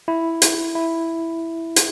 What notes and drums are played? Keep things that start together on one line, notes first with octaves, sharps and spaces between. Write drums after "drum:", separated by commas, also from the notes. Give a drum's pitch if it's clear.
E4
drum: hi-hat
E4
drum: hi-hat